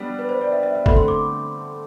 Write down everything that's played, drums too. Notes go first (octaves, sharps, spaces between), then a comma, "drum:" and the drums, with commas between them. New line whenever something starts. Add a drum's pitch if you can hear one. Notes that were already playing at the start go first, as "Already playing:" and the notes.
Already playing: G3 B3 D4
B4
C5
D5
E5
E5
E5
D3 A3 C4 B5, drum: kick
C6
D6